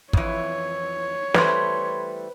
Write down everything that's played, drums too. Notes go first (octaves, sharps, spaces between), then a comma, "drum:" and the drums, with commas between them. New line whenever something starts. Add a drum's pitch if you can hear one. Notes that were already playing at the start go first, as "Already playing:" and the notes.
F2 E3 C#5, drum: kick
E3 G3 A3 B4 C5 C6 G#6, drum: snare